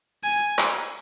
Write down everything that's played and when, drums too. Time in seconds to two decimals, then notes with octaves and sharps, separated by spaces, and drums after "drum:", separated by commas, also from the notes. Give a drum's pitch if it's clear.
0.24 G#5
0.58 drum: clap